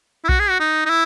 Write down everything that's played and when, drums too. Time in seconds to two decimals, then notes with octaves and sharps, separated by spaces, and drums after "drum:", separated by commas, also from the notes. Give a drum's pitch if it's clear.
0.24 E4
0.29 F#4, drum: kick B1
0.40 G#4
0.50 F#4
0.60 D#4
0.86 D#4
0.90 E4